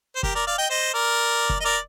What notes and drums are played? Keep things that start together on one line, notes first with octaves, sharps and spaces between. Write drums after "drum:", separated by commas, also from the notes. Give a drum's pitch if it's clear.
C5
G4 A#4, drum: kick
A#4 D5
D5 F5
D#5 G5
C5 D#5
A#4 D5
drum: kick
D#5
A#4 D5